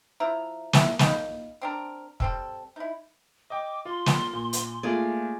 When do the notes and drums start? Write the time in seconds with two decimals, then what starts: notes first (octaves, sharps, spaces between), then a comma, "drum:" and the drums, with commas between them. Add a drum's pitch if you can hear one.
0.20 F3 E4 A#5
0.73 E4, drum: snare
0.99 D#4 F5 B5, drum: snare
1.61 C4 D4 A#4
2.20 G3 C4 A4, drum: kick
2.76 D#4 E4
3.50 D#5 G5 D6
3.85 F4 C6
4.06 drum: snare
4.33 A#2
4.53 drum: hi-hat
4.83 A3 A#3 F4 G#4 D5